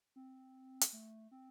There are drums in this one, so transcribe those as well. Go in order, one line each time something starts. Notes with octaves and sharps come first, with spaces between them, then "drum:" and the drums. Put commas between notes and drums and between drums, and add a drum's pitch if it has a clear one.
C4
drum: hi-hat
A3
C4